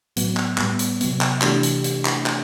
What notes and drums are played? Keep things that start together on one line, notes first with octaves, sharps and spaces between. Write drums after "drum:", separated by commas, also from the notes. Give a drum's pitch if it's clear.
A2 F#3 B3, drum: hi-hat
drum: clap
A2 G3 B3, drum: clap
drum: hi-hat
C3 F#3 B3, drum: hi-hat
drum: clap
C3 E3 A3 D4 G4, drum: clap
drum: hi-hat
drum: hi-hat
drum: clap
drum: clap